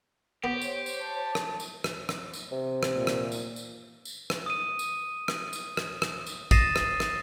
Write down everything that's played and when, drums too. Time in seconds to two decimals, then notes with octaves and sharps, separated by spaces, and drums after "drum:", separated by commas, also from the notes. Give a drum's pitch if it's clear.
0.44 B3 G4 C5 C#5
0.62 drum: tambourine
0.86 drum: tambourine
1.02 A5
1.35 drum: rim click
1.60 drum: tambourine
1.84 drum: rim click
2.09 drum: rim click
2.33 drum: tambourine
2.52 C3
2.83 drum: rim click
2.96 A#2
3.07 drum: rim click
3.32 drum: tambourine
3.56 drum: tambourine
4.05 drum: tambourine
4.30 drum: rim click
4.46 D#6 D#7
4.79 drum: tambourine
5.28 drum: rim click
5.53 drum: tambourine
5.77 drum: rim click
6.02 drum: rim click
6.27 drum: tambourine
6.51 D#6 A6 A#6 C7 D#7 E7, drum: kick A1, tambourine
6.76 drum: rim click
7.00 drum: rim click